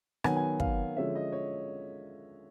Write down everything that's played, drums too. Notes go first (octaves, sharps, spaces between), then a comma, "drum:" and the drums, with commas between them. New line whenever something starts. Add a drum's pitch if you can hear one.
D#3 F#3 B3 G#5, drum: rim click
G#5
F5, drum: kick
D3 F3 G#3 C#4 E5
D#5
C#5